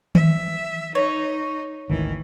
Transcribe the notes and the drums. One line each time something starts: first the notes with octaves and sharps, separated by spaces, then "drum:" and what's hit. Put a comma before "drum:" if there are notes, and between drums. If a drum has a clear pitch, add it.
E5, drum: tom D#3
D#4 C#5
G#1 D2 D#3 E3